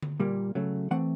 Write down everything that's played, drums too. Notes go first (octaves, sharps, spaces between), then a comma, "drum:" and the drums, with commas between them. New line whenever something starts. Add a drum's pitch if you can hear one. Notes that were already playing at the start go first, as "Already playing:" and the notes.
drum: tom D3
A#2 G3 A#3
C#3 F#3 A3
E3 A3 C4 F#5